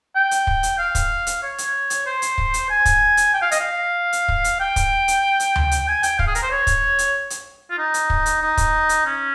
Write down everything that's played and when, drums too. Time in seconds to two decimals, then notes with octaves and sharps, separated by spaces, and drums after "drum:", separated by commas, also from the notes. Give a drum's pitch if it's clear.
0.15 G5
0.31 drum: hi-hat
0.47 drum: kick
0.63 drum: hi-hat
0.78 F5
0.95 drum: kick, hi-hat
1.27 drum: hi-hat
1.43 C#5
1.58 drum: hi-hat
1.90 drum: hi-hat
2.06 C5
2.22 drum: hi-hat
2.38 drum: kick
2.54 drum: hi-hat
2.70 G#5
2.85 drum: kick, hi-hat
3.17 drum: hi-hat
3.34 G5
3.42 F5
3.51 D#5, drum: hi-hat
3.60 F5
4.13 drum: hi-hat
4.28 drum: kick
4.44 drum: hi-hat
4.60 G5
4.76 drum: kick, hi-hat
5.08 drum: hi-hat
5.40 drum: hi-hat
5.56 drum: tom D2
5.71 drum: hi-hat
5.88 G#5
6.03 G5, drum: hi-hat
6.19 F5, drum: kick
6.27 G#4
6.35 A#4, drum: hi-hat
6.43 C5
6.51 C#5
6.67 drum: kick, hi-hat
6.99 drum: hi-hat
7.30 drum: hi-hat
7.71 F4
7.78 D#4
7.94 drum: hi-hat
8.10 drum: kick
8.26 drum: hi-hat
8.42 D#4
8.57 drum: kick, hi-hat
8.89 drum: hi-hat
9.05 C#4